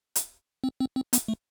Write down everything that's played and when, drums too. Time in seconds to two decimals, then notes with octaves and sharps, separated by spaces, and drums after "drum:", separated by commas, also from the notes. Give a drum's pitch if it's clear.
0.16 drum: hi-hat
0.64 C4
0.80 C4
0.96 C4
1.13 B3, drum: hi-hat
1.28 A3